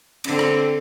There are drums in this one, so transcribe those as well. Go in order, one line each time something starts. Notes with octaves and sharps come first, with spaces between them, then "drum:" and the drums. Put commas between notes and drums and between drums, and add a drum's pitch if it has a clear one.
D3 C4, drum: cymbal
drum: rim click